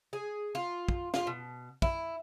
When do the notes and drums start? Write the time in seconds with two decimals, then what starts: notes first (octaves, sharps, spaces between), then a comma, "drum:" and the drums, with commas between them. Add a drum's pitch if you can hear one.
0.13 G#4
0.55 F4
0.89 drum: kick
1.14 F4, drum: snare
1.27 B2
1.82 E4, drum: kick